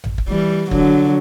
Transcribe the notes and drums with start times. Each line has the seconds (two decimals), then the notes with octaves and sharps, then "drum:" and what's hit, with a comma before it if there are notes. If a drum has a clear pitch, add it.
0.04 drum: tom A1
0.18 drum: kick
0.28 E3 G3
0.71 D3 F#3, drum: kick